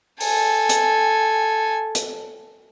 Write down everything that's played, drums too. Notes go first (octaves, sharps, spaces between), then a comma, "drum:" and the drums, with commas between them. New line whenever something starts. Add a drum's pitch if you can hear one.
A4 G#5, drum: open hi-hat
drum: hi-hat
drum: hi-hat